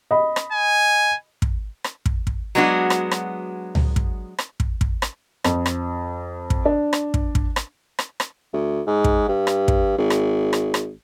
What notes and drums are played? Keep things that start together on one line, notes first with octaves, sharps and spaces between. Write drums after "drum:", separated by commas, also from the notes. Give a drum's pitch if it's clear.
D#5 B5
drum: rim click
G#5
drum: kick
drum: rim click
drum: kick
drum: kick
F#3 G#3 B3 D4 F#4
drum: rim click
drum: rim click
drum: tom C#2
drum: kick
drum: rim click
drum: kick
drum: kick
drum: rim click
F2, drum: rim click
drum: rim click
drum: kick
D4
drum: rim click
drum: kick
drum: kick
drum: rim click
drum: rim click
drum: rim click
D2
G#2
drum: kick
G2
drum: rim click
drum: kick
G#1
drum: rim click
drum: rim click
drum: rim click